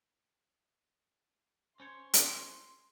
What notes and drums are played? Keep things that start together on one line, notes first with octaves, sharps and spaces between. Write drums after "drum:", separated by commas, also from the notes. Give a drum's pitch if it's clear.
C#4 C5 C#5 C6
drum: hi-hat